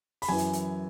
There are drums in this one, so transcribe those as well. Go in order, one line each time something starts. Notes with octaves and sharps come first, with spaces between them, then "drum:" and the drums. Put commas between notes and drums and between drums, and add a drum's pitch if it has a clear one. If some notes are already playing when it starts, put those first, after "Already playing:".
B5, drum: open hi-hat
F#2 E3 G#5
drum: hi-hat
drum: hi-hat